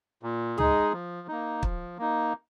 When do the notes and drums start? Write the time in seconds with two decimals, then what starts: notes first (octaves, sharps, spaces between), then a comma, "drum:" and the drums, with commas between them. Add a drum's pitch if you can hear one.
0.23 A#2
0.58 G#3 D#4 G#4, drum: tom C#2
0.92 F3
1.28 A#3 D#4
1.63 F3, drum: kick
1.98 A#3 D#4